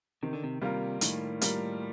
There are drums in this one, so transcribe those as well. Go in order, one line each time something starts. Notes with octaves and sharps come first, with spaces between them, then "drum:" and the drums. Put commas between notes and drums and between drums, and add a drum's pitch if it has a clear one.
C3 D#3
D3
C3
C3 G3 A#3 F4 A#4
A2 D#3, drum: hi-hat
G3 A#3 F4 A#4, drum: hi-hat